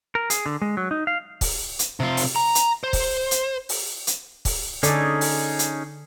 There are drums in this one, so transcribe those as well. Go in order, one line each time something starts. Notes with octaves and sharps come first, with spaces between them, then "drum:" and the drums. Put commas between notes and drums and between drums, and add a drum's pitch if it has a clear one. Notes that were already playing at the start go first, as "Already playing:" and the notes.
A#4
G#4, drum: hi-hat
D3
G#3
F#3
D#4
F5
drum: kick, open hi-hat
drum: hi-hat
C3 F4
drum: open hi-hat
A#5
drum: hi-hat
C5
drum: kick, open hi-hat
drum: hi-hat
drum: open hi-hat
drum: hi-hat
drum: kick, open hi-hat
D3 C#4 D#4 G#4 A4 D5, drum: hi-hat
drum: open hi-hat
drum: hi-hat